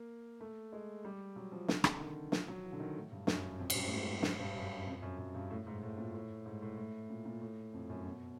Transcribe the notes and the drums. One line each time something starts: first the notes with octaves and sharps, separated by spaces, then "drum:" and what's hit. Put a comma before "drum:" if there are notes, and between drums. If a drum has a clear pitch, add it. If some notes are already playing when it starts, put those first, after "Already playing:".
Already playing: A#3
A3
G#3
G3
F#3
F3
C3, drum: snare
D3, drum: rim click
D#3
F3, drum: snare
F#3
E3
D3
D#3
A2
G2
F#2, drum: snare
F2
F#2, drum: cymbal
G2
A2
G#2
G#2, drum: snare
G2
F#2
F2
F#2
F#2
G2
A2
G#2
G#2
A2
A#2
A2
G#2
A2
A2
A#2
A#2
A2
F2
F#2
B2